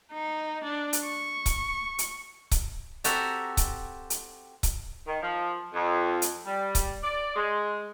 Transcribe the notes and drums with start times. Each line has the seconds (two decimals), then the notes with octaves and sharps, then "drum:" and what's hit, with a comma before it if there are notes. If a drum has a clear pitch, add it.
0.12 D#4
0.64 D4
0.93 drum: hi-hat
1.05 C#6
1.46 drum: kick C#1, hi-hat
1.99 drum: hi-hat
2.51 drum: kick C#1, hi-hat
3.04 C4 F#4 G4 A4 E5 A#5, drum: hi-hat
3.57 drum: kick C#1, hi-hat
4.10 drum: hi-hat
4.63 drum: kick C#1, hi-hat
5.07 D#3
5.22 F3
5.74 F2
6.22 drum: hi-hat
6.46 G3
6.75 drum: kick C#1, hi-hat
7.04 D5
7.36 G#3